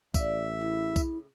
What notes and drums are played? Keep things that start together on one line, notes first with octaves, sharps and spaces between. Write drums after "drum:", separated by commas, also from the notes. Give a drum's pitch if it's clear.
A1 D5 E5 F5, drum: kick, tambourine
A2 C#3 E4
drum: kick, tambourine